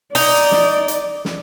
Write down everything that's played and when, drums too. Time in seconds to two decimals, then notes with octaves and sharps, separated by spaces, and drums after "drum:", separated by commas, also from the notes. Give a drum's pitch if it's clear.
0.15 D#4 D5, drum: open hi-hat
0.52 drum: snare
0.88 drum: hi-hat
1.25 drum: snare